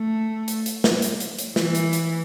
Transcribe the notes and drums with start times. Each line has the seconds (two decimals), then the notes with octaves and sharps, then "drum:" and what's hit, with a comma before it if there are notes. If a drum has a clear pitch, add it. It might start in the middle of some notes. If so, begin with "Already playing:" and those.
Already playing: A3
0.48 drum: hi-hat
0.66 drum: hi-hat
0.84 drum: snare
1.02 drum: hi-hat
1.20 drum: hi-hat
1.38 drum: hi-hat
1.56 E3, drum: snare
1.75 drum: hi-hat
1.93 drum: hi-hat